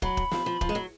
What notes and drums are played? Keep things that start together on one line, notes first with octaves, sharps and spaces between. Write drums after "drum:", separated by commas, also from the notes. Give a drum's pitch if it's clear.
F#3 B5, drum: kick
drum: kick
F3, drum: snare
F3
F3, drum: kick
G#3
F#3